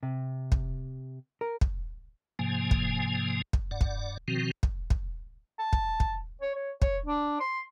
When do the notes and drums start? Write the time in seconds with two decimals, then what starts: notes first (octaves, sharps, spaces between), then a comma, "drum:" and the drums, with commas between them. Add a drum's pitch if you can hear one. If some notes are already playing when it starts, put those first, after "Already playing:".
0.03 C3
0.52 drum: kick
1.41 A#4
1.61 drum: kick
2.39 G#2 C3 F3 A#3 G#5
2.71 drum: kick
3.53 drum: kick
3.71 G2 D5 F#5
3.81 drum: kick
4.28 B2 D#3 F3 C4 F#4
4.63 drum: kick
4.90 drum: kick
5.59 A5
5.73 drum: kick
6.00 drum: kick
6.41 C#5
6.55 C#5
6.82 C#5, drum: kick
7.06 D4
7.40 C6